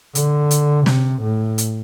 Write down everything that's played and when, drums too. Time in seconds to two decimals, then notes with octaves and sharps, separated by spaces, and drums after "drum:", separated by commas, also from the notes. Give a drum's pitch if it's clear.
0.15 D3, drum: hi-hat
0.51 drum: hi-hat
0.86 C3, drum: snare
1.22 A2
1.58 drum: hi-hat